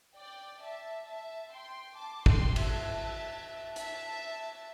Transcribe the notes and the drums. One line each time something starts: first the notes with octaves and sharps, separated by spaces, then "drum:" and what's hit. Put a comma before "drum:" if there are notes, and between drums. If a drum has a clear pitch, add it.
D5 G5
E5 A5
E5 A5
G5 C6
A5 D6
G5 C6, drum: kick A1
E5 A5, drum: cymbal
E5 A5, drum: hi-hat